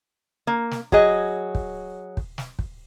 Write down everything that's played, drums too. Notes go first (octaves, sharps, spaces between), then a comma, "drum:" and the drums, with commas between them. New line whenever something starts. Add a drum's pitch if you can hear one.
A#3
drum: snare
F#3 G#4 D#5, drum: kick
drum: kick
drum: kick
drum: snare
drum: kick